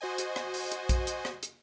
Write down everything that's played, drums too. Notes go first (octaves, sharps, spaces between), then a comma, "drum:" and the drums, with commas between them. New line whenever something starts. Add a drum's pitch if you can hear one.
F#4 C5 D#5 G#5
drum: hi-hat
drum: rim click
drum: open hi-hat
drum: hi-hat
drum: kick A#1, hi-hat
drum: hi-hat
drum: rim click
drum: hi-hat